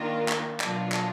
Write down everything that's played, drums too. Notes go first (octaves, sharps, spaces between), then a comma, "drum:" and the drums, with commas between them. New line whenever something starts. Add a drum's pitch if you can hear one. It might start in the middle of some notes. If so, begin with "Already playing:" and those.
Already playing: D#3 A#3 D4 F4 A#4
drum: clap
B2 F#3 D4 F4, drum: clap
drum: clap